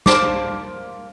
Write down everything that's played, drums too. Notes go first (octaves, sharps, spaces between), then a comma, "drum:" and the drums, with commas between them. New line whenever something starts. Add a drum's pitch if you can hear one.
A#3 C5 A5 D6, drum: snare